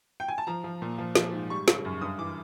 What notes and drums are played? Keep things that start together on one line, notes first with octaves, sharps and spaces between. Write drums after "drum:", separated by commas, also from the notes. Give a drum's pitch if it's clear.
G5
G#5
A5
F3 A#5
F3
A#2
F3
F3, drum: snare
G#2
G3 C#6
C#3, drum: snare
F#2
G2 D#6
E3 D6